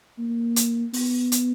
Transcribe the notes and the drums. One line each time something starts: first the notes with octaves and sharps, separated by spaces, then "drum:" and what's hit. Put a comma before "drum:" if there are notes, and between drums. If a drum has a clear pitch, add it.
A#3
drum: hi-hat
B3, drum: open hi-hat
drum: hi-hat